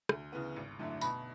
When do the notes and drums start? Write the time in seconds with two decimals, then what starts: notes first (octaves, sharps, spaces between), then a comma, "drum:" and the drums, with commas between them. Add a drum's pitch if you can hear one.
0.09 D2, drum: rim click
0.32 C#3 E3 B3
0.56 G#1
0.79 F#2 D3 A3 E4
1.01 B2 B5, drum: tambourine